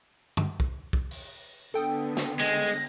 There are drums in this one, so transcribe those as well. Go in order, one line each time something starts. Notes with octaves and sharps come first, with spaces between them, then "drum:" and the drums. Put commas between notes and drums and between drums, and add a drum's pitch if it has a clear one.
drum: tom
drum: kick
drum: kick
drum: open hi-hat
D3 B3 A4 G5 D#6
drum: snare
G#3 A#6, drum: cymbal